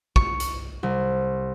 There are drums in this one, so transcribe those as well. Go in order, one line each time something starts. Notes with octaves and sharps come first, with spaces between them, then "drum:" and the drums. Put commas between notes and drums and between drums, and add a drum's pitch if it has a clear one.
C#6, drum: kick
drum: hi-hat
C2